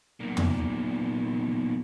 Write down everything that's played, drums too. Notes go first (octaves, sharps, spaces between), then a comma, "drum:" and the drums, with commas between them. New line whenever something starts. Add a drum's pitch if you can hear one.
B1 A#2
drum: tom